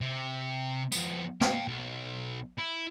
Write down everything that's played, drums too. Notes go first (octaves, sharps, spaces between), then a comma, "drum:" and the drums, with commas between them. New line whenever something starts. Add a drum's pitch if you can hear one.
C3
F2 B3, drum: tambourine
F5 G5, drum: snare
B1
E4